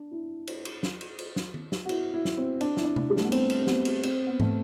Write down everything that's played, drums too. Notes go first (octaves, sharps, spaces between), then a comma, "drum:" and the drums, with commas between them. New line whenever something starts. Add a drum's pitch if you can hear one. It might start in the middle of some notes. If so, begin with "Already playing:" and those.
Already playing: D4
E4
drum: cymbal
drum: cymbal
drum: snare
drum: cymbal
drum: cymbal
drum: snare
drum: tom D#3
drum: snare
F#4
E4, drum: cymbal
E4
drum: snare
C4
D4, drum: cymbal
E4, drum: snare
D4
drum: tom C3
G3
A3, drum: snare
B3
C4, drum: cymbal
drum: cymbal
C4
B3, drum: snare
drum: cymbal
C4, drum: cymbal
B3
A3, drum: tom G#2